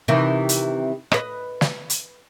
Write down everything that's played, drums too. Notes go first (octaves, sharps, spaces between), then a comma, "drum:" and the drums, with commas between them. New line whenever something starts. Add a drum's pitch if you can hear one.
C3 D#3 E3
drum: hi-hat
B4 D#5, drum: rim click
drum: snare
drum: hi-hat